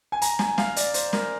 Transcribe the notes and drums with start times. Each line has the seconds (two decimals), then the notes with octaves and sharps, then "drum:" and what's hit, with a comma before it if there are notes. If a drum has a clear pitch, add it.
0.12 G#5
0.22 A#5, drum: hi-hat
0.39 G#5, drum: snare
0.58 F5, drum: snare
0.76 D5, drum: hi-hat
0.94 C5, drum: hi-hat
1.13 A#4, drum: snare